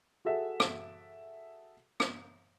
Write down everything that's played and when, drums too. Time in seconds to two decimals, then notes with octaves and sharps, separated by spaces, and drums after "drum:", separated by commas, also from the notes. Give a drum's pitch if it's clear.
0.25 F#4 G#4 A4 E5 F#5
0.60 drum: rim click
2.00 drum: rim click